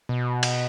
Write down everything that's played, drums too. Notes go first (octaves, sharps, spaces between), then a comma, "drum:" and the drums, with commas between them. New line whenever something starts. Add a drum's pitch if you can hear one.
B2
drum: cymbal